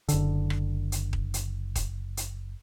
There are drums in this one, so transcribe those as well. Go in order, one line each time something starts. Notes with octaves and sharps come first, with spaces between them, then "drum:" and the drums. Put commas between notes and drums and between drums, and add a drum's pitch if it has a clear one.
F#1 D3, drum: hi-hat
drum: rim click
drum: hi-hat
drum: kick D#1
drum: hi-hat
drum: kick D#1, hi-hat
drum: hi-hat